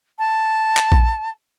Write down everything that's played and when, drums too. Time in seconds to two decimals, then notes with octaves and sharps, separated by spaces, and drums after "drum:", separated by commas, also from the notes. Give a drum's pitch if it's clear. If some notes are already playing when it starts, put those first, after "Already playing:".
0.19 A5
0.77 drum: clap
0.92 drum: kick A#1